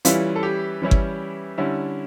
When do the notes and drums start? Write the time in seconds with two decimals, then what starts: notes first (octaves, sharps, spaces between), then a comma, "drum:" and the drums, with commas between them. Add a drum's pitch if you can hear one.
0.05 E3 G3 C#4 E4 F4, drum: hi-hat
0.36 A4
0.43 G4
0.82 E3 G3 C#4 E4
0.91 drum: kick G1
1.58 D3 G3 C#4 E4